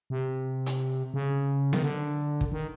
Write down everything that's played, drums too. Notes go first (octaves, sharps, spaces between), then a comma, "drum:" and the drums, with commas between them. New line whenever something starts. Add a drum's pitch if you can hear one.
C3
drum: hi-hat
C#3
D#3, drum: snare B3
D3
drum: kick
D#3